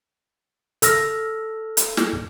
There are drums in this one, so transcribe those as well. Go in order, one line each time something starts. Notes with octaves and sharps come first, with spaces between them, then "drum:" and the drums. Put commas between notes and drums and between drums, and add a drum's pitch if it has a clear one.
A4 E6 F6 A#6, drum: hi-hat
drum: hi-hat
drum: snare